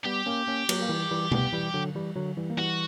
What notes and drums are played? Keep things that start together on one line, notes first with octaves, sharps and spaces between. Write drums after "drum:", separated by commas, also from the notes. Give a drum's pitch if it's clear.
G3 B3 G4
A#3 C#4
A#3 C#4
F#3 A#3, drum: cymbal
A#3
E3 G3
E3 G3
G3 B3, drum: tom B2
E3 G3
D3 F#3
E3 G3
D3 F#3
E3 G3
A#3
E3 G3 F#4